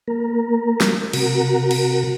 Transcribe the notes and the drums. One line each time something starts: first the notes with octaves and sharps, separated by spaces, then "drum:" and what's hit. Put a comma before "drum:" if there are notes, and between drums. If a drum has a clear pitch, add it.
A#3 A#4
drum: snare
C3 F#4 A#4, drum: cymbal
drum: cymbal